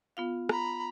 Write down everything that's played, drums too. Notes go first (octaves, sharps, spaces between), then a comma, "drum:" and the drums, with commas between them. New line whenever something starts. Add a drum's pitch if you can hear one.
B3 F4 F5
A#5 B5, drum: rim click